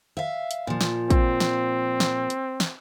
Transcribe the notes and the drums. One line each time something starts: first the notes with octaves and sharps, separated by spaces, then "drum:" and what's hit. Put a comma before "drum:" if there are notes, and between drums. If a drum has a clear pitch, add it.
E5 F5
drum: hi-hat
A#2 F3
drum: snare
C4, drum: kick, hi-hat
drum: snare
drum: snare
drum: hi-hat
drum: snare